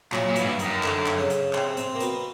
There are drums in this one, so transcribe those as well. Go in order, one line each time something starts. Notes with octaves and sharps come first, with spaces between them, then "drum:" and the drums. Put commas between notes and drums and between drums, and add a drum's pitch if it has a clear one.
A#2 F#3 F#4, drum: clap
A#2
E3 E4, drum: hi-hat
G#2
G2
D#3 D#4, drum: hi-hat
F#2
D3 D4, drum: clap
drum: clap
C#3 C#4
drum: hi-hat
C3 C4, drum: clap
C3 C4, drum: hi-hat
A#3
B2 B3, drum: hi-hat